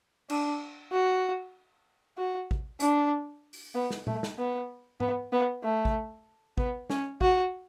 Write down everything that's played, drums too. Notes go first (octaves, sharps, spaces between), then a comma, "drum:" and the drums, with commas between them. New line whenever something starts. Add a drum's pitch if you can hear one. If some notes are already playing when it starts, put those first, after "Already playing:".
D4, drum: cymbal
F#4
F#4
drum: kick A1
D4, drum: hi-hat
drum: open hi-hat
B3
drum: snare
A3, drum: tom A#2
drum: snare
B3
B3, drum: tom G#2
B3
A3
drum: kick A1
B3, drum: kick A1
C#4, drum: snare
F#4, drum: kick A1